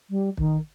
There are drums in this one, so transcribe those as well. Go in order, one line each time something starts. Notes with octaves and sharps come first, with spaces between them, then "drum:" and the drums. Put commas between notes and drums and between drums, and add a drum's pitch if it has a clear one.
G3
D#3, drum: kick